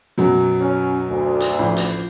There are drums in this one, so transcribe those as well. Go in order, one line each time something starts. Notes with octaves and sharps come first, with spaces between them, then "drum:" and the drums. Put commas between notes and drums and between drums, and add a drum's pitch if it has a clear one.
F#2 B2 F#3
C#4
D2
drum: hi-hat
A1 F3 B5
drum: hi-hat